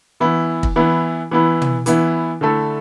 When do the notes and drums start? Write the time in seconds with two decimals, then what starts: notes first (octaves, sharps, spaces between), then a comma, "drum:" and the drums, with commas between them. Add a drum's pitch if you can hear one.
0.20 E3 B3 E4
0.63 drum: kick
0.76 E3 B3 E4
1.31 E3 B3 E4
1.62 drum: tom
1.86 E3 B3 E4, drum: hi-hat
2.41 D3 A3 E4 A4